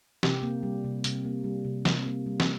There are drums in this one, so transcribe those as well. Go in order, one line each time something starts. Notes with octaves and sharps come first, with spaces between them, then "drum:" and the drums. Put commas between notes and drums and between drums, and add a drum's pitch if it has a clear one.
C3 G4, drum: snare
A#3
G3
C3
C3, drum: hi-hat
A#3
G3
C3
C3, drum: snare
A#3
G3
drum: snare